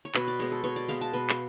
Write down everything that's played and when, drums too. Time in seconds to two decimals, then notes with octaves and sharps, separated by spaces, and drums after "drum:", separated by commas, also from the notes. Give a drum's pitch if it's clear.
0.05 C#5
0.15 B2 B4, drum: clap
0.28 D5
0.39 G#3 B3 C#5
0.52 A4
0.64 B2 C#5
0.76 D5
0.88 G#3 B3 F5
1.01 A5
1.13 B2 B4
1.30 drum: clap